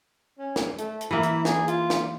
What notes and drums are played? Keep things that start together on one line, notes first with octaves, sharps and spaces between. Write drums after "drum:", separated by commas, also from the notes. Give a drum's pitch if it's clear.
C#4
drum: snare
A3, drum: hi-hat
drum: hi-hat
E3 A#3 E4
drum: hi-hat
G#4, drum: snare
F4, drum: hi-hat
drum: snare